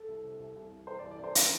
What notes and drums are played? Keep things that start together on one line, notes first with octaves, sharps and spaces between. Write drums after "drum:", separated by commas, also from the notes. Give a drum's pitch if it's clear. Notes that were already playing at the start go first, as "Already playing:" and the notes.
Already playing: A4
C2
C3
C2
C2
C2
E3 C5
D5
C2
D5
C2 C5
E3, drum: hi-hat